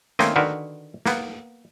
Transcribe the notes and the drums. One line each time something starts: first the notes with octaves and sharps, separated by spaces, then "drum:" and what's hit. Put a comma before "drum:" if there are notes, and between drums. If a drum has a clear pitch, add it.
D#3 A3 A#3 C4 C#4 D#5, drum: snare
D3 D#3 F#4 A#4 B4
A#3 B3, drum: snare